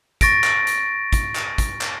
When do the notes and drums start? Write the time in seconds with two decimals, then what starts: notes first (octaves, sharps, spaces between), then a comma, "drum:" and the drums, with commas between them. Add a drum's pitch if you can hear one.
0.21 C#6 A6 A#6 D7, drum: kick, hi-hat
0.44 drum: clap
0.67 drum: hi-hat
1.13 drum: kick, hi-hat
1.35 drum: clap
1.58 drum: kick, hi-hat
1.81 drum: clap